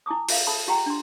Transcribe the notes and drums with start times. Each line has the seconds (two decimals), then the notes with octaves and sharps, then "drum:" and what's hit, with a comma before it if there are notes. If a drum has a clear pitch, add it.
0.06 E4 G#5 A5 D6 D#6
0.29 F4 E5 F5, drum: open hi-hat
0.47 A4 A5 B5
0.68 F4 G4 F#5 G5 A#5
0.86 D4 C6